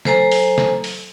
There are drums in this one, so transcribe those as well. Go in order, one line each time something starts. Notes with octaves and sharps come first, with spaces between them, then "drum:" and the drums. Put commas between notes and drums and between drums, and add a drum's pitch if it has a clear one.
F#3 A4 C5 G#5 A#5, drum: snare
drum: open hi-hat
drum: snare
drum: open hi-hat